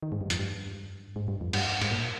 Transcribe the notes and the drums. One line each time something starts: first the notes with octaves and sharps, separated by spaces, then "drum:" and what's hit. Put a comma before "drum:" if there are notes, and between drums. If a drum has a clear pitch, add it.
D#3
G#2
G2
F2, drum: hi-hat
G2
G#2
G2
F2
G2, drum: cymbal
G#2, drum: cymbal
A#2